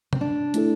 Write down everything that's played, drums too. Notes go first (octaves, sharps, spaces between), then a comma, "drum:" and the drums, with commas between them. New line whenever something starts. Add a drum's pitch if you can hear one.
C4, drum: tom C3
D4
A3 E4 A4, drum: hi-hat